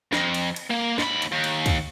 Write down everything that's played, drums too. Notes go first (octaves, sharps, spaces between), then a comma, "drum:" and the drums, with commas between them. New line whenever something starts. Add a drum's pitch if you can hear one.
F2, drum: snare
drum: cymbal
drum: cymbal
A#3
D#2 B5, drum: snare
drum: cymbal
D#2
drum: cymbal
drum: kick, cymbal